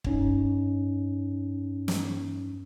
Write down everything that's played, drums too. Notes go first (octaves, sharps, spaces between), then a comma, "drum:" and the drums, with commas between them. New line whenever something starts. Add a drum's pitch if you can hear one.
G2 C#4 D#4, drum: kick
drum: snare